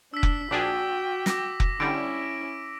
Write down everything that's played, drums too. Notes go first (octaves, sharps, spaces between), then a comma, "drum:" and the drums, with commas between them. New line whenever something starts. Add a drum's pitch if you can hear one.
D4 E6 B6
drum: kick F1
A#1 D4 F#4 G#4 G5 D6
D6 A#6, drum: snare
drum: kick F1
D3 G3 C#4 E4 D7